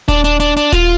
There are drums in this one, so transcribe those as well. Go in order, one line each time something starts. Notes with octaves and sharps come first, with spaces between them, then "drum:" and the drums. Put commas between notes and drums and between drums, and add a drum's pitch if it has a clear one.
D4, drum: kick D#1, hi-hat
D4, drum: hi-hat
D4, drum: hi-hat
D4, drum: hi-hat
F4, drum: kick D#1, hi-hat